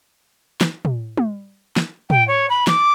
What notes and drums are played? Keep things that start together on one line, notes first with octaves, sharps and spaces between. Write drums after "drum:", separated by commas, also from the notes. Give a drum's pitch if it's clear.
drum: snare
drum: tom
drum: tom
drum: snare
G5, drum: tom
C#5
B5
D6, drum: snare